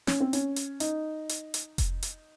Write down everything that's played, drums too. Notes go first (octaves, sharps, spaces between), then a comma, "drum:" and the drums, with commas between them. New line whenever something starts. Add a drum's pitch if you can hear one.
C#4, drum: snare
C4
C#4, drum: hi-hat
drum: hi-hat
D#4, drum: hi-hat
drum: hi-hat
drum: hi-hat
drum: kick F1, hi-hat
drum: hi-hat